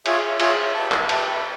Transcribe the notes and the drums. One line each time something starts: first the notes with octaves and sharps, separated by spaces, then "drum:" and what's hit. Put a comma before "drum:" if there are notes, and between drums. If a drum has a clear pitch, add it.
F4 G#4 C#5 E5, drum: cymbal
F4 G#4 C#5 E5, drum: cymbal
G4 B4 E5 A5
drum: clap
G4 B4 E5 A5, drum: cymbal